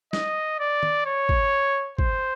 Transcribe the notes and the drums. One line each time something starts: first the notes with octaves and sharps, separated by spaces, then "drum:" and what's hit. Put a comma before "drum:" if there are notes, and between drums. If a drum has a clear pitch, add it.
D#5, drum: snare
D5
drum: tom
C#5
drum: kick
C5, drum: kick